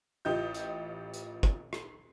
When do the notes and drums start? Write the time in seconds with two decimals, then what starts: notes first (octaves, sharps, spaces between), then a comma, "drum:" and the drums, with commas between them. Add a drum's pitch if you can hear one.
0.25 A1 F4 G4 D#5 G6
0.54 drum: hi-hat
1.14 drum: hi-hat
1.43 drum: kick
1.73 drum: rim click